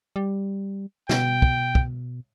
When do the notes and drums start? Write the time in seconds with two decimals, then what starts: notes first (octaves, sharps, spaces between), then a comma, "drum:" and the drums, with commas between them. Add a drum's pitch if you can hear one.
0.16 G3
1.09 B2 G5, drum: snare
1.42 drum: kick
1.75 drum: kick